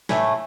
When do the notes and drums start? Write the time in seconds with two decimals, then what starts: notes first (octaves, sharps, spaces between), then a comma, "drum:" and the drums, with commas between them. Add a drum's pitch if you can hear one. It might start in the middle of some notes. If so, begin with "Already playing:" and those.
0.09 A2 E3 A3, drum: snare